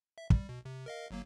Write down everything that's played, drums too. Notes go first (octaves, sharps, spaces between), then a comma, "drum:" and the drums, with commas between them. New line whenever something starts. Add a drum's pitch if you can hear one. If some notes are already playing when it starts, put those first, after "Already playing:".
E5
G3, drum: kick
B2
C3
A#4 D#5 F5
G1 F#3 A#3